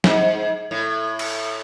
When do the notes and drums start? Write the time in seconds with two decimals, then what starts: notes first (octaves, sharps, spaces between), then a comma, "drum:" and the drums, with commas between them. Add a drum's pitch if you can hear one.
0.04 G#2, drum: snare
0.71 A2
1.19 drum: cymbal